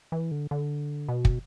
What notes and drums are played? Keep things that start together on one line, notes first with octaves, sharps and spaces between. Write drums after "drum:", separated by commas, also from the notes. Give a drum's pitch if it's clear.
E3
D3
D3
B2
drum: kick